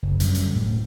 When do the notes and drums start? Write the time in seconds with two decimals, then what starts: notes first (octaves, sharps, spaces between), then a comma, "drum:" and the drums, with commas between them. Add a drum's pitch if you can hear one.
0.03 F#1
0.20 F#2 D3 F#3 G3, drum: hi-hat
0.35 drum: hi-hat
0.55 D1 A2